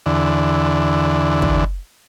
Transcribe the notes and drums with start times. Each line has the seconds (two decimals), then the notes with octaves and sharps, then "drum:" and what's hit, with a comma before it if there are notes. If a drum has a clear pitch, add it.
0.06 E2 D3
1.42 drum: kick